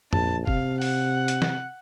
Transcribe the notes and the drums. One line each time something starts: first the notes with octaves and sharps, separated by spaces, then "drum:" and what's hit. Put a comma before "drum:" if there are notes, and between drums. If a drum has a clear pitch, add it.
A#1 A5, drum: tom F2
C3 F5, drum: kick
F#5, drum: open hi-hat
drum: hi-hat
drum: snare